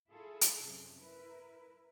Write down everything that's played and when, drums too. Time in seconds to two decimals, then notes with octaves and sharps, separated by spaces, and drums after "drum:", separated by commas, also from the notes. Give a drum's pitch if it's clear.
0.10 E4 F4 G#4 A4
0.41 drum: hi-hat
0.63 F#2 C3
0.99 E4 A#4 B4